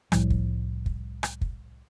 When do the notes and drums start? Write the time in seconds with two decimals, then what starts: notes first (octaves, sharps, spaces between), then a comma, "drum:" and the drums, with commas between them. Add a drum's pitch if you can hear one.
0.12 C2 A2 F3 G3, drum: rim click
0.30 drum: kick
0.86 drum: kick
1.23 drum: rim click
1.41 drum: kick